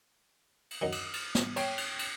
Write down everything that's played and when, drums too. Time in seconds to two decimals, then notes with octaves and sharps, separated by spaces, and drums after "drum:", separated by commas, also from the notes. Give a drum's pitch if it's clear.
0.71 drum: cymbal
0.82 F#2 D#3
0.92 drum: cymbal
1.13 drum: cymbal
1.35 drum: snare
1.56 C#5 G5, drum: cymbal
1.78 drum: cymbal
1.99 drum: cymbal